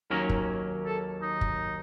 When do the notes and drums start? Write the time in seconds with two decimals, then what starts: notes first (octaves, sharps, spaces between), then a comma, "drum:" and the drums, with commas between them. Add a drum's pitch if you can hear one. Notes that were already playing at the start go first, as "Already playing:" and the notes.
0.10 D#2 D#3 F#3 A#3 C#4 A#4
0.29 drum: kick
0.86 A4
1.22 D#4
1.41 drum: kick